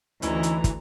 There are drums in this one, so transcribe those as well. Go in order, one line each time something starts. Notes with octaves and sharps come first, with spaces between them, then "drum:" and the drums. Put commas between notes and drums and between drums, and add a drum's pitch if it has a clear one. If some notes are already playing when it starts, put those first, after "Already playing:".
D2 E3 C#4 D#4 E4 A#5, drum: hi-hat
drum: hi-hat
drum: kick, hi-hat